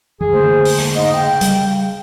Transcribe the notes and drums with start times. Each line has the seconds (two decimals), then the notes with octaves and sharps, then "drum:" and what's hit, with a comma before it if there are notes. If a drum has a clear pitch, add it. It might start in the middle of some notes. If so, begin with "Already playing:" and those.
0.21 F#2 E3 G#4
0.32 D3 A3 A#3 C5
0.65 drum: open hi-hat
0.79 drum: rim click
0.95 G#2 D#5
1.13 C#3 G5
1.41 G3, drum: hi-hat